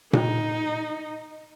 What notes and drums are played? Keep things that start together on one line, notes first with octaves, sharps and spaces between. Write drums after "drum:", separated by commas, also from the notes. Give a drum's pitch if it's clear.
D#4, drum: tom A#2